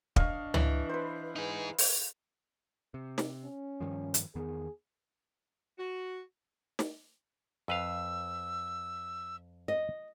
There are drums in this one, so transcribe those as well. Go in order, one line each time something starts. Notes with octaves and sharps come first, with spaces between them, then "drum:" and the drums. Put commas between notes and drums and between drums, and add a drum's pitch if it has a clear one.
D4 D#5 F5 C#6, drum: kick
E3, drum: tom C#2
B4 C5
D#4 G#4
drum: open hi-hat
C3
drum: snare
C#4
G2 D#3 F3
drum: hi-hat
E2 D#3 B3 G#4
F#4
drum: snare
F2 B4 F5 E6
D#5